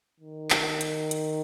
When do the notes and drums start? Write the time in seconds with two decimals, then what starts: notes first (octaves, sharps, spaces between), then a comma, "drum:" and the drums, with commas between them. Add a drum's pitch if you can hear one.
0.20 D#3
0.50 drum: clap
0.81 drum: hi-hat
1.11 drum: hi-hat